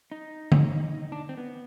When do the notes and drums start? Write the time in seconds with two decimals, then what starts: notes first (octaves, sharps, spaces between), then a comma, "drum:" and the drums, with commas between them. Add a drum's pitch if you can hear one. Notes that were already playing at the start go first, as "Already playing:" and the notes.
0.12 D#4
0.52 drum: tom D3
1.12 D4
1.29 C4
1.37 B3